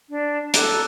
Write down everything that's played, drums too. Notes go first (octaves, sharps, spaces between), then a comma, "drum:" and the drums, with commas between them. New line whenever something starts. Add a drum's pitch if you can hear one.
D4
A4 A#5 D6 F#6, drum: hi-hat